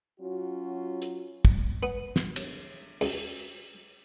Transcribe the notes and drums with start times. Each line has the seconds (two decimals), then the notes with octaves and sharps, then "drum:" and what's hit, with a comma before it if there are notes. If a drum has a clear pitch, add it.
0.20 F#3 C#4 F4 F#4
1.02 drum: hi-hat
1.45 drum: kick
1.83 B3
2.16 drum: snare
2.36 drum: cymbal
3.01 C#2, drum: open hi-hat